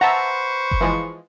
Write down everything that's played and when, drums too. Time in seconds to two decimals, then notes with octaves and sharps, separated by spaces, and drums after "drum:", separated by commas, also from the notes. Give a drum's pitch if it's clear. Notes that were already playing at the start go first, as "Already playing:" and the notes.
0.01 B4 C5 E5 F#5 A5 A#5 C#6
0.71 drum: kick F#1
0.81 E3 F3 G#3